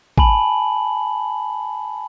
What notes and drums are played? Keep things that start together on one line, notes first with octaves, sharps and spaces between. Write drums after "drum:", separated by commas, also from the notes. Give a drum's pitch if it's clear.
G#5 A5 B5 F#7, drum: kick